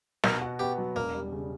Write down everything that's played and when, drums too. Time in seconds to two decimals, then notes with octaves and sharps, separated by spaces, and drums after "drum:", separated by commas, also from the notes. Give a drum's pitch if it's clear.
0.24 B2 A#4, drum: snare
0.41 F#4
0.59 B3 G4
0.78 F#3
0.95 E1 A#3
1.14 G3
1.32 C#3